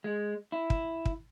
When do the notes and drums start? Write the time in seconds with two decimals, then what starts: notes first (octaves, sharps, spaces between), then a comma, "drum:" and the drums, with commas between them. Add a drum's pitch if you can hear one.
0.04 G#3
0.52 E4
0.70 drum: kick
1.05 drum: kick